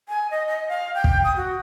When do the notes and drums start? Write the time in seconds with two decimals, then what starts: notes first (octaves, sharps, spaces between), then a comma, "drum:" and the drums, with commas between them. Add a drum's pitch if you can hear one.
0.09 G#5
0.31 D#5
0.47 D#5
0.69 F5
0.94 G5
1.04 drum: kick
1.24 D#6
1.36 F#4